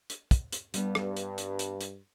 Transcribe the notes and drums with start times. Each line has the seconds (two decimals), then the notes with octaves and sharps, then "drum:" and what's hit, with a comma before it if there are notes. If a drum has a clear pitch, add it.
0.10 drum: hi-hat
0.31 drum: kick, hi-hat
0.52 drum: hi-hat
0.74 G2 G3 B3, drum: hi-hat
0.95 drum: rim click
1.17 drum: hi-hat
1.38 drum: hi-hat
1.59 drum: hi-hat
1.81 drum: hi-hat